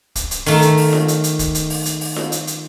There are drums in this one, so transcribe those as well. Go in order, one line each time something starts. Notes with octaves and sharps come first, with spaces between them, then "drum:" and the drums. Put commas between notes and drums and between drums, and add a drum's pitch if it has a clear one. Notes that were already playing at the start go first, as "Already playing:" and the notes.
drum: kick, hi-hat
drum: hi-hat
D#3 A3, drum: open hi-hat
drum: hi-hat
drum: open hi-hat
drum: snare F4
drum: hi-hat
drum: hi-hat
drum: kick, hi-hat
drum: hi-hat
drum: open hi-hat
drum: hi-hat
drum: open hi-hat
drum: snare F4
drum: hi-hat
drum: hi-hat